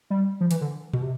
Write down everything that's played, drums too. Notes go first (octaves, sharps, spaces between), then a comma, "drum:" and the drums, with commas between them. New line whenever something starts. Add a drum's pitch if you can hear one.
G3
F3
E3, drum: hi-hat
D3
B2, drum: tom
C3